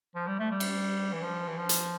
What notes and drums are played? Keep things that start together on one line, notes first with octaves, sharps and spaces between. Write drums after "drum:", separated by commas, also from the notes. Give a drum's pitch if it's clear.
F3
G3
A3
G3
drum: cymbal
E3
F3
E3
F3
drum: hi-hat